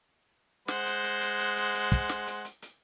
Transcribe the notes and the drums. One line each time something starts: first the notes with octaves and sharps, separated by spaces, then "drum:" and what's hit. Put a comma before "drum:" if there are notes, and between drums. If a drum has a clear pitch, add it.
G#3 C5 F#5, drum: snare
drum: hi-hat
drum: hi-hat
drum: hi-hat
drum: hi-hat
drum: hi-hat
drum: hi-hat
drum: kick, hi-hat
drum: snare
drum: hi-hat
drum: hi-hat
drum: hi-hat